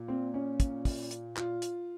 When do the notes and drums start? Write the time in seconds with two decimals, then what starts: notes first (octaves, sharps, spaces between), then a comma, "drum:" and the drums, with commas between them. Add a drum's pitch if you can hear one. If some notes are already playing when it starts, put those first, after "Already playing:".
Already playing: A#2
0.08 C4
0.34 C#4
0.60 drum: kick, hi-hat
0.85 drum: kick, open hi-hat
1.11 drum: hi-hat
1.37 F4, drum: clap
1.62 drum: hi-hat